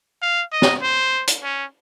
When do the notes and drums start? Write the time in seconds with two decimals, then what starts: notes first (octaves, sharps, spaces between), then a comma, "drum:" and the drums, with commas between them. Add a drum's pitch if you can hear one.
0.22 F5
0.52 D#5
0.62 drum: snare
0.82 C5
1.28 drum: hi-hat
1.43 C#4